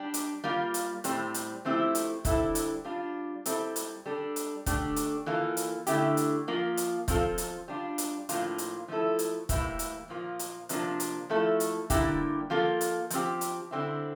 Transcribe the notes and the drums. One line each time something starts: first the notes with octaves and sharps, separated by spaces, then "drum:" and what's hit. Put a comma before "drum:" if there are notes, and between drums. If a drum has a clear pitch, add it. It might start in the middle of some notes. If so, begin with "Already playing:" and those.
Already playing: G3 D4 G4
drum: hi-hat
G3 A#3 F4
drum: hi-hat
A2 G3 C4, drum: hi-hat
drum: hi-hat
F3 A3 C4 E4 G4
drum: hi-hat
D3 G3 C4 E4 A4, drum: kick, hi-hat
drum: hi-hat
G3 D4 F4
G3 C4 E4 A4, drum: hi-hat
drum: hi-hat
G3 D4 A4
drum: hi-hat
D3 A3 D4 G4, drum: kick, hi-hat
drum: hi-hat
E3 A#3 F4 A4
drum: hi-hat
D3 A3 E4 G4, drum: hi-hat
drum: hi-hat
F3 A#3 F4
drum: hi-hat
F3 C4 F4 A4, drum: kick, hi-hat
drum: hi-hat
G3 D4 F4
drum: hi-hat
A2 F3 A#3 D4 F4, drum: hi-hat
drum: hi-hat
F3 A3 E4 A4
drum: hi-hat
A2 E3 G3 A#3 E4, drum: kick, hi-hat
drum: hi-hat
A#2 F3 A#3 F4
drum: hi-hat
C3 F3 A#3 D4, drum: hi-hat
drum: hi-hat
F3 A3 E4 A4
drum: hi-hat
D3 G3 A#3 E4 G4, drum: kick, hi-hat
F3 A#3 F4 A4
drum: hi-hat
F3 C4 G4, drum: hi-hat
drum: hi-hat
D3 G3 C4 E4